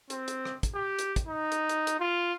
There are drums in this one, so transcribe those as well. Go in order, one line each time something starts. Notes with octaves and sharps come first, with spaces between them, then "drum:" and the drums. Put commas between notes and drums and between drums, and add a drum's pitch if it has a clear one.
C4, drum: hi-hat
drum: hi-hat
drum: rim click
drum: kick, hi-hat
G4
drum: hi-hat
drum: kick, hi-hat
D#4
drum: hi-hat
drum: hi-hat
drum: hi-hat
F4